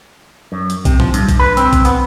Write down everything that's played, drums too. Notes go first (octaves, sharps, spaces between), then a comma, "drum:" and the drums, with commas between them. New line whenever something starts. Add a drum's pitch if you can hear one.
F#2
drum: hi-hat
C3, drum: kick, hi-hat
F3, drum: tom
G2, drum: hi-hat
drum: kick, hi-hat
B4
C4, drum: hi-hat
drum: kick, hi-hat
B3, drum: hi-hat